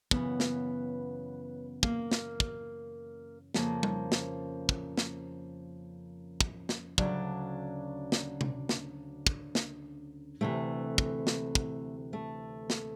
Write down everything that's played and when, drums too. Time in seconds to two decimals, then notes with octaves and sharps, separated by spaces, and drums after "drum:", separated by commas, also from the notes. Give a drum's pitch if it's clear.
0.11 F#2 C#3 E3 B3, drum: kick
0.40 drum: snare
1.83 A#3, drum: kick
2.11 drum: snare
2.40 drum: kick
3.54 F2 C#3 F3 A#3, drum: snare
3.83 drum: tom G3
4.12 drum: snare
4.69 drum: kick
4.98 drum: snare
6.41 drum: kick
6.69 drum: snare
6.98 D2 C#3 F#3 D4, drum: kick
8.12 drum: snare
8.41 drum: tom C3
8.69 drum: snare
9.27 drum: kick
9.55 drum: snare
10.41 D2 C3 E3 A3
10.98 drum: kick
11.27 drum: snare
11.55 drum: kick
12.13 A3
12.70 drum: snare